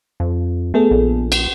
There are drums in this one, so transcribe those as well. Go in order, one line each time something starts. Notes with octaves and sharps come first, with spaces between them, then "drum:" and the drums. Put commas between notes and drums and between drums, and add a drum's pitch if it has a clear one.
F2
A3 B3 G#4 A4
A#1
drum: cymbal